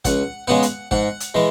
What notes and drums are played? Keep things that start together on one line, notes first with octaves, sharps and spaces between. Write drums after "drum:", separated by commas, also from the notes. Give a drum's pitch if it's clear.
C#2 F#5, drum: kick, hi-hat
C#3 G#3 B3 F#5
drum: hi-hat
G#2 F#5, drum: kick
drum: hi-hat
E3 G#3